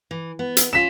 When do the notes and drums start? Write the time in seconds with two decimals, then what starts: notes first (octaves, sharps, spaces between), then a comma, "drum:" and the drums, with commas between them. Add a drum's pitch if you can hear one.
0.11 E3
0.39 B3
0.57 drum: hi-hat
0.73 C#4 F4 B6 E7